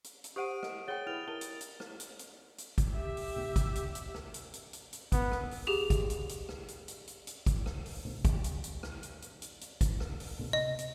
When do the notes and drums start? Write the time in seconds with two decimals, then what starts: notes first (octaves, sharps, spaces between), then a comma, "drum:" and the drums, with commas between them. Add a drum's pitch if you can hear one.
0.04 drum: hi-hat
0.24 drum: hi-hat
0.36 G4 C5 F#5 D#6 D7 D#7
0.63 D#5, drum: rim click
0.88 G#4 C#5 F#5 G5 A6 G7
1.07 E4 B4 F6 A6 F7
1.28 E4 A#4 B4 G5 A5 G7
1.41 drum: hi-hat
1.61 drum: hi-hat
1.80 drum: rim click
2.00 drum: hi-hat
2.19 drum: hi-hat
2.58 drum: hi-hat
2.78 drum: kick, hi-hat
2.93 G4 E5
3.17 drum: open hi-hat
3.36 drum: tom C3
3.56 drum: kick, hi-hat
3.75 drum: hi-hat
3.95 drum: hi-hat
4.14 drum: rim click
4.34 drum: hi-hat
4.54 drum: hi-hat
4.73 drum: hi-hat
4.93 drum: hi-hat
5.12 B3, drum: kick, hi-hat
5.32 drum: rim click
5.51 drum: open hi-hat
5.67 G4 G#4 F7
5.90 drum: kick, hi-hat
6.10 drum: hi-hat
6.29 drum: hi-hat
6.49 drum: rim click
6.68 drum: hi-hat
6.88 drum: hi-hat
7.07 drum: hi-hat
7.27 drum: hi-hat
7.46 drum: kick, hi-hat
7.66 drum: rim click
7.86 drum: open hi-hat
8.05 drum: tom C3
8.25 drum: kick, hi-hat
8.44 drum: hi-hat
8.64 drum: hi-hat
8.83 drum: rim click
9.03 drum: hi-hat
9.22 drum: hi-hat
9.42 drum: hi-hat
9.61 drum: hi-hat
9.81 drum: kick, hi-hat
10.00 drum: rim click
10.20 drum: open hi-hat
10.39 drum: tom C3
10.53 D#5
10.78 drum: hi-hat